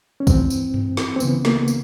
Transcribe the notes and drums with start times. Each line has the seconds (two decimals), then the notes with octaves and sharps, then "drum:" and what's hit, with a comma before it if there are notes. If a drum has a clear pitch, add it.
0.20 C#4
0.27 G2 E3 C4, drum: kick, tambourine
0.50 drum: tambourine
0.74 drum: tom G2
0.97 drum: snare
1.16 C4
1.20 C#2 C#3 E3 B3, drum: tambourine
1.45 A#3, drum: snare
1.68 drum: tambourine